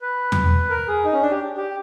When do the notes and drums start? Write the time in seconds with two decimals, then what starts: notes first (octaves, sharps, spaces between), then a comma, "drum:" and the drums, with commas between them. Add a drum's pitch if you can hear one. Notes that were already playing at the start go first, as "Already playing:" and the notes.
0.01 B4
0.32 drum: tom E2
0.70 A#4
0.88 G#4
1.05 D#4
1.13 C#4
1.22 D4
1.31 G4
1.57 G4